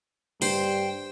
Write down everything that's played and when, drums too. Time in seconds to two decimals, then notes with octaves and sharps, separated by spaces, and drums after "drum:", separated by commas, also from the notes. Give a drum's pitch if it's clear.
0.42 G2 G3 C5 G5, drum: open hi-hat